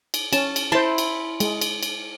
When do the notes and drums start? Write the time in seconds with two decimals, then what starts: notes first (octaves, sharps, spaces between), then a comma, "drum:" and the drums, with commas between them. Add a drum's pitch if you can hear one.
0.14 drum: cymbal
0.33 C#4 A5, drum: cymbal
0.56 drum: cymbal
0.72 E4 C5 A5 C6
0.98 drum: cymbal
1.40 G#3, drum: cymbal
1.61 drum: cymbal
1.83 drum: cymbal